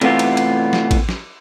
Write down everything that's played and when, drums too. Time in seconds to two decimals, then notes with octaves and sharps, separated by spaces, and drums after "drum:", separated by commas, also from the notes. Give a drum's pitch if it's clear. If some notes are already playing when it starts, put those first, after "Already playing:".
0.01 C3 E3 A3 B3 F4 G4, drum: cymbal
0.19 drum: cymbal
0.37 drum: cymbal
0.73 drum: snare
0.91 drum: kick A1, cymbal
1.09 drum: snare